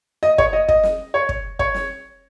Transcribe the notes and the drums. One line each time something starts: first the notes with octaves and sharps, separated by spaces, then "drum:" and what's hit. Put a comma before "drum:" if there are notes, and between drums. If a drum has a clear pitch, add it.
D#5
C#5, drum: kick
D#5
D#5, drum: kick
drum: snare
C#5
drum: kick
C#5, drum: kick
drum: snare